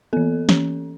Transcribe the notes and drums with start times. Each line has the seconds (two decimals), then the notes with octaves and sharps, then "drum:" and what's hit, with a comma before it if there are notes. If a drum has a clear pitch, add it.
0.13 E3 B3 A4
0.49 E3 C#4, drum: snare